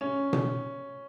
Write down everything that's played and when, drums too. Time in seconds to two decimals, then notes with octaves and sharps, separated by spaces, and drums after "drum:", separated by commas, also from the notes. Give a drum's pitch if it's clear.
0.01 C#4
0.33 drum: tom B2